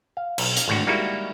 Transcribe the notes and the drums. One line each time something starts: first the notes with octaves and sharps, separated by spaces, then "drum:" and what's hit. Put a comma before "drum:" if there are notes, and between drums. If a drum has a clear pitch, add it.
F5
B1, drum: cymbal
drum: hi-hat
G#1 A2 D3 F#4
G3 G#3 A#3 D#4 E4 F#4